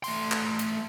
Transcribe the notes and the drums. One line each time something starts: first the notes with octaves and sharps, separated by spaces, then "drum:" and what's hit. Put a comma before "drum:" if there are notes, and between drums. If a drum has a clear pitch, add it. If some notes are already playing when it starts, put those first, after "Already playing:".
A3 C6, drum: open hi-hat
drum: clap
drum: hi-hat